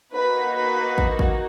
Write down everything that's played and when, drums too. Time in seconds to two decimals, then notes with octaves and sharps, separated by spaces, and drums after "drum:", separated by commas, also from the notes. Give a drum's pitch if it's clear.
0.13 A#3 D#4 F#4 B4
0.55 B4
0.98 drum: kick
1.19 drum: kick